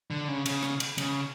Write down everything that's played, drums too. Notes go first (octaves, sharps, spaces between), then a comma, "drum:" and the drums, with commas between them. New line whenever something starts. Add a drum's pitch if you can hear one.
D3
C#3
C#3, drum: cymbal
drum: rim click
drum: cymbal
C#3, drum: cymbal